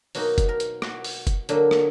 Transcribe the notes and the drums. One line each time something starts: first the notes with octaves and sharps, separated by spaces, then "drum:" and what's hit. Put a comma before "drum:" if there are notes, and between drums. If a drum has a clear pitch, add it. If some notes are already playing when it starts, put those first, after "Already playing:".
B2 F#3 A#3 D#4 F#4, drum: open hi-hat
drum: kick F#1, hi-hat
A#4
drum: hi-hat
F#4, drum: rim click
drum: open hi-hat
drum: kick F#1, hi-hat
D3 F#3 A#3, drum: hi-hat
drum: rim click